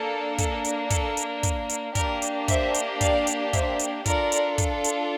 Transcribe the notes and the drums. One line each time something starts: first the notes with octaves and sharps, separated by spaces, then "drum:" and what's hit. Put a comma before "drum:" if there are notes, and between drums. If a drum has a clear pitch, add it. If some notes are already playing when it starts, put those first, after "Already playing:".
Already playing: A#3 D4 A4
A4, drum: kick, hi-hat
drum: hi-hat
A4, drum: kick, hi-hat
drum: hi-hat
drum: kick, hi-hat
drum: hi-hat
A#3 D4 G4 A#4 D5, drum: kick, hi-hat
drum: hi-hat
C5 E5, drum: kick, hi-hat
drum: hi-hat
D5 F5, drum: kick, hi-hat
drum: hi-hat
C5 E5, drum: kick, hi-hat
drum: hi-hat
D4 F4 A4 A#4 D5, drum: kick, hi-hat
drum: hi-hat
drum: kick, hi-hat
drum: hi-hat